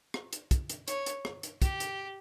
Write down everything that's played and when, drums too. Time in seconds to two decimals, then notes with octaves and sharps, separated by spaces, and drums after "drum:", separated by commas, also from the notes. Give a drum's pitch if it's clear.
0.14 drum: rim click
0.33 drum: hi-hat
0.51 drum: kick, hi-hat
0.70 drum: hi-hat
0.88 C#5, drum: hi-hat
1.06 drum: hi-hat
1.25 drum: rim click
1.43 drum: hi-hat
1.62 G4, drum: kick, hi-hat
1.80 drum: hi-hat